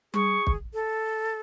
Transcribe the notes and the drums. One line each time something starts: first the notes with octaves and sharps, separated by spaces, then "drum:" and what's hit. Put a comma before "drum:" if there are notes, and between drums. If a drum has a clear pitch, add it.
G#4 C#6, drum: tom G3
drum: kick
A4